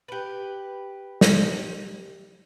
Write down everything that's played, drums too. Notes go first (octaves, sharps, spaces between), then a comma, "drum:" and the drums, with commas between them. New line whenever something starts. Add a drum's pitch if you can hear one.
G4 B4
drum: snare